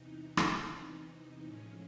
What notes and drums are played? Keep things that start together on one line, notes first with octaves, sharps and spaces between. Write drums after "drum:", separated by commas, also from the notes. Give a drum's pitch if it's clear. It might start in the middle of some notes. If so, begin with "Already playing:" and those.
Already playing: E2 C3 E3 D#4
drum: rim click
A2 F3 G#3 C#4